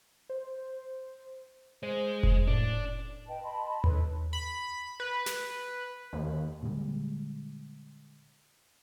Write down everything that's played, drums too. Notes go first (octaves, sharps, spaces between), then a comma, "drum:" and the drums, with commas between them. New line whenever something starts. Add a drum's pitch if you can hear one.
C5
G#3 C5
drum: kick F1
A2 D4
B4 D#5 G5 A5
D#5 A5 B5 C6
D#4 A4 B4 C#5, drum: tom D#2
B5
B4
drum: snare
D#2
A#2 D3 G3 G#3